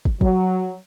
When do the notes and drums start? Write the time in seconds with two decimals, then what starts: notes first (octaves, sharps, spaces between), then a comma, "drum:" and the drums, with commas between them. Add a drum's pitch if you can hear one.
0.05 drum: kick
0.21 F#3, drum: kick